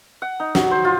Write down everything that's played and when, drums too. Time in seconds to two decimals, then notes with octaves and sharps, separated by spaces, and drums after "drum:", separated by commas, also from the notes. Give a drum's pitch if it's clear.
0.22 F#5
0.40 D#4
0.55 F#3, drum: snare
0.71 C5
0.85 F4